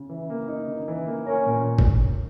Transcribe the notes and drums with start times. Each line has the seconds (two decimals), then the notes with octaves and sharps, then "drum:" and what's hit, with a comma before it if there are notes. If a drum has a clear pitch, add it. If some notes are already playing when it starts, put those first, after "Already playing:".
Already playing: C#3
0.09 E3
0.30 A#3
0.48 D#4
0.68 C#3
0.88 E3
1.07 A#3
1.26 C#4 A#4
1.46 A#2
1.79 drum: kick G1